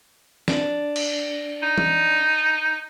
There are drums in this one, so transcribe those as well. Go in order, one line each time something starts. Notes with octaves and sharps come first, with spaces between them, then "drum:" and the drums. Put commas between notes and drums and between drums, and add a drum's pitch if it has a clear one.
D4, drum: snare
drum: cymbal
D#4
drum: tom E3